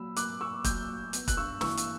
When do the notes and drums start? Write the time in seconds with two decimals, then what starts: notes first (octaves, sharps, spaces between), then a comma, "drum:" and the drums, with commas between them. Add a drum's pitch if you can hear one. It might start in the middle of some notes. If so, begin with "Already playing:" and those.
Already playing: A#2 F#3 B5 E6
0.16 A#3 D6 F#6, drum: hi-hat
0.41 A#2 C#6 E6
0.64 F#3 E6 G6, drum: kick, hi-hat
0.89 A#2
1.13 B3, drum: hi-hat
1.28 F#6, drum: kick, hi-hat
1.37 G2 C#6 E6
1.61 E3 C#6 E6, drum: snare
1.77 drum: hi-hat